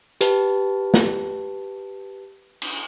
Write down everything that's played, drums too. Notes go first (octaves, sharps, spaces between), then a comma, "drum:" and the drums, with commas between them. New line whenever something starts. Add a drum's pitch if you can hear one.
G4 B4 A5, drum: hi-hat
drum: snare
drum: cymbal